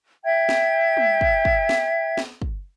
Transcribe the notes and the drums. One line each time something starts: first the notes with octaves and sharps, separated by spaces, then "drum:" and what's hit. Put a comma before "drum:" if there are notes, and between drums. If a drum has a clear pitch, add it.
E5 G5 G#6
drum: snare
drum: tom
drum: kick
drum: kick
drum: snare
drum: snare
drum: kick